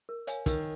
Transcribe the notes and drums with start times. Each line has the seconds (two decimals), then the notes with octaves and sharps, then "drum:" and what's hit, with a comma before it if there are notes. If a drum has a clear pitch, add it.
0.09 A#4
0.27 C#5 F5 G#5, drum: hi-hat
0.46 D#3 A#4, drum: kick, hi-hat